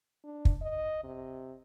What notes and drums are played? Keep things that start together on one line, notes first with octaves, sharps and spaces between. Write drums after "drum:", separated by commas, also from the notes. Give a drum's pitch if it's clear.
D4
drum: kick
D#5
C3